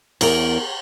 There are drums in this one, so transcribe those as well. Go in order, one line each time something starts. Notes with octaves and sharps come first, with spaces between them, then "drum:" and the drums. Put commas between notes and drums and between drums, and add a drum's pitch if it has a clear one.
E2 A#4, drum: cymbal